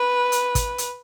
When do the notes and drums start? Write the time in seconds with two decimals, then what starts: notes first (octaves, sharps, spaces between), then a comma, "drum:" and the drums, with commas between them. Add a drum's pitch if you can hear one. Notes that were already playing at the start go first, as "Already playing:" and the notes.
Already playing: B4
0.32 drum: hi-hat
0.55 drum: kick, hi-hat
0.78 drum: hi-hat